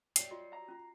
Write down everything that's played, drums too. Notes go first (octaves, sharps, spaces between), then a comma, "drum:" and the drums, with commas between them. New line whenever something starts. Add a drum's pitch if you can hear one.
F#3 G3 C7, drum: hi-hat
F4 F#4 D#5
A#5
C#4 F4